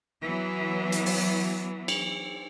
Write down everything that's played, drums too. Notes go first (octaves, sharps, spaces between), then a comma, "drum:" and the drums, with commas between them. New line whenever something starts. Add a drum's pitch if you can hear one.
E3 F#3 B3
drum: hi-hat
drum: open hi-hat
drum: cymbal